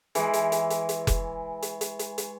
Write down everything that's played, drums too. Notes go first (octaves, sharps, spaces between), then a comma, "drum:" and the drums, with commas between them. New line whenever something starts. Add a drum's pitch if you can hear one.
E3 G#3, drum: hi-hat
drum: hi-hat
drum: hi-hat
drum: hi-hat
drum: hi-hat
drum: kick F1, hi-hat
drum: hi-hat
drum: hi-hat
drum: hi-hat
drum: hi-hat